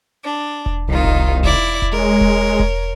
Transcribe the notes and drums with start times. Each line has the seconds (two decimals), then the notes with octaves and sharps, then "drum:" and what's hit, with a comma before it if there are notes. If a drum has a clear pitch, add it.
0.24 D4
0.66 drum: kick E1
0.88 C2 D#3 D#4 F4
1.05 drum: kick E1
1.43 E4 D5, drum: kick E1
1.82 drum: kick E1
1.92 G#3 A#4 C#5
2.21 drum: kick E1
2.59 drum: kick E1